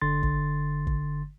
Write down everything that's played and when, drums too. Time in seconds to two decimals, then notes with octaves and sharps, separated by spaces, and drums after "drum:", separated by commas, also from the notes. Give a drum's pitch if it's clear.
0.01 G1 D3 C6 A6
0.23 drum: kick
0.87 drum: kick